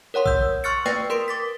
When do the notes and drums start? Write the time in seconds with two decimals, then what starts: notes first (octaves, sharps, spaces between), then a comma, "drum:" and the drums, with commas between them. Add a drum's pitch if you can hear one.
0.14 A#4 C#5 F#5 C6
0.26 E6 G6, drum: kick A#1
0.64 C6 C#6 F6 F#6 A6 C#7
0.86 B4 D5 G5 A6 A#6, drum: snare
1.10 A#4 C6 D7
1.28 D6 A6 B6